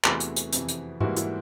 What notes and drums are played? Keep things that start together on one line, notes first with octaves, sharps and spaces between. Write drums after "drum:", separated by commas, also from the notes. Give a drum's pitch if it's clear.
E2 C3 E3 A3 F#4 G#4, drum: clap
drum: hi-hat
drum: hi-hat
F2 C3 E3, drum: hi-hat
drum: hi-hat
G#2 E3 G3 A#3 E4 F#4, drum: tom G#2
E4 F#4, drum: hi-hat